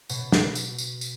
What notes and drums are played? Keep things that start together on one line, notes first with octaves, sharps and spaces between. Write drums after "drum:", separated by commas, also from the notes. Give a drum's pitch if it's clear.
B2, drum: tambourine
drum: snare
drum: tambourine
drum: tambourine
drum: tambourine